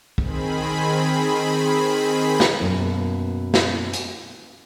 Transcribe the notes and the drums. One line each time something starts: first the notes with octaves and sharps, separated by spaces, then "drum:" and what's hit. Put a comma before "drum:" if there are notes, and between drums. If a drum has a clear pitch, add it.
D#3 C4 G#4 B5, drum: kick
drum: snare
F#2 B2 A#3
drum: snare
drum: hi-hat